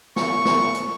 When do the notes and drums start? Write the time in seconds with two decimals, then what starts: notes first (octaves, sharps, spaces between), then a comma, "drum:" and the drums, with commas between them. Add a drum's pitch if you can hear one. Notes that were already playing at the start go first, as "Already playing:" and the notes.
0.16 C#6, drum: snare
0.45 drum: snare
0.74 drum: hi-hat